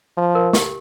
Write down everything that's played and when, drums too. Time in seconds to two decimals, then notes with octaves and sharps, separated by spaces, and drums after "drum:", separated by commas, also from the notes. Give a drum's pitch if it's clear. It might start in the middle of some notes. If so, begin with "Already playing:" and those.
0.18 F3
0.35 A#4
0.53 G4, drum: snare